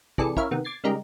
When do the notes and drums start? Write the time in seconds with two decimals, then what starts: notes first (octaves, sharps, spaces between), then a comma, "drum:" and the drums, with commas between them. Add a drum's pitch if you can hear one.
0.18 C3 E3 G#4 A4 D5 C#7, drum: kick
0.37 C#4 E4 A#4 C#5 E5 F5, drum: kick
0.51 C3 D#3 B3
0.64 D6 G#6 A6 C7
0.84 C#3 G3 G#3 D#4 G4 A#4